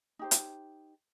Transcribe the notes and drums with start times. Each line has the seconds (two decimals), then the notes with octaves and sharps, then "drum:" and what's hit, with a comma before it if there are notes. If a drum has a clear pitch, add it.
0.19 D#4 G4 C5
0.31 drum: hi-hat